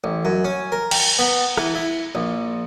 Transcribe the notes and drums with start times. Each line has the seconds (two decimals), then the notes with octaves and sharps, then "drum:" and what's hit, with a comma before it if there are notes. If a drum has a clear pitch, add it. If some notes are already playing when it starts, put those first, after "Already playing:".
0.04 A1
0.25 F#2
0.44 C#4
0.72 A#4
0.91 G5, drum: cymbal
1.19 B3
1.57 E3, drum: rim click
1.75 E4
2.15 A#1